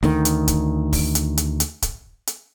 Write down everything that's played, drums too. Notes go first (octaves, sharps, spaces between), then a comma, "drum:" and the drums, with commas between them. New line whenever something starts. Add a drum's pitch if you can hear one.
D2 D#3, drum: snare
drum: hi-hat
drum: kick, hi-hat
drum: kick, open hi-hat
drum: hi-hat
drum: hi-hat
drum: hi-hat
drum: kick, hi-hat
drum: hi-hat